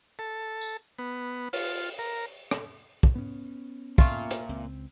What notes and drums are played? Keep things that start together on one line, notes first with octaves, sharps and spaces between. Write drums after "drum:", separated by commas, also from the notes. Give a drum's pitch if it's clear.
A4
drum: tambourine
B3
F4, drum: open hi-hat
A#4
drum: rim click
drum: kick
B3 C#4
A#2 A3 F4, drum: kick
drum: hi-hat
C#2 C4